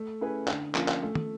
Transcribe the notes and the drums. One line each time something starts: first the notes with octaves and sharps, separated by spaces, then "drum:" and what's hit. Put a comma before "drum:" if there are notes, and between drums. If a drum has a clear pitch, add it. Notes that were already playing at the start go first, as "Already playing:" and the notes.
Already playing: A3
C#4 E4 G#4 B4
D3, drum: clap
F3 A#3 C#4 F4, drum: clap
drum: clap
A3
drum: tom